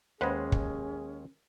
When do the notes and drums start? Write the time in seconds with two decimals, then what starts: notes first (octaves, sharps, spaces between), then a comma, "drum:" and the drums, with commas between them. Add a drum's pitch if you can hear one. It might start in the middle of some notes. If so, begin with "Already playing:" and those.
0.21 D#2 G#3 C#4 G#4 B4 C5 F#5
0.52 drum: kick